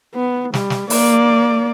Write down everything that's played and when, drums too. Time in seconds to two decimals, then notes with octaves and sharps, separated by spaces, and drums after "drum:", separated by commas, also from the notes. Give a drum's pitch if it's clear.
0.15 B3
0.54 G3, drum: snare
0.70 drum: snare
0.90 A#3 D5, drum: open hi-hat